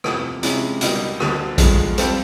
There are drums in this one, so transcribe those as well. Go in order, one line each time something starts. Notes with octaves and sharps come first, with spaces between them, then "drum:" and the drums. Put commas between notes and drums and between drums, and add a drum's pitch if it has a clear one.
F2 C3 E3 A3, drum: rim click
C3 F3 G#3 C#4 E4, drum: hi-hat
C#2 B2 G3 A#3 D#4, drum: hi-hat
D2 D3 F#3 A#3, drum: rim click
G2 D3 F3 G#3, drum: kick A#1, hi-hat
G3 C4 F4 A4, drum: hi-hat